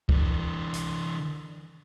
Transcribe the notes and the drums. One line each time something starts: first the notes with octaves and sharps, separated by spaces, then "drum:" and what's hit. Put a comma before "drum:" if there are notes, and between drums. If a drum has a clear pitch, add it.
E3 D4, drum: kick
drum: hi-hat